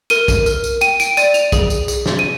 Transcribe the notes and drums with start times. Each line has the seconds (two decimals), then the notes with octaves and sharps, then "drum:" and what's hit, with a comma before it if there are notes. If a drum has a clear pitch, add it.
0.10 A#4 D#7, drum: tambourine
0.28 drum: kick, tambourine
0.46 A#4, drum: tambourine
0.64 drum: tambourine
0.81 G5 D#7, drum: tambourine
1.00 D7, drum: tambourine
1.17 D5 D#7, drum: tambourine
1.34 F7, drum: tambourine
1.52 G#4, drum: kick, tambourine
1.70 drum: tambourine
1.88 G#4, drum: tambourine
2.06 drum: snare
2.19 D#7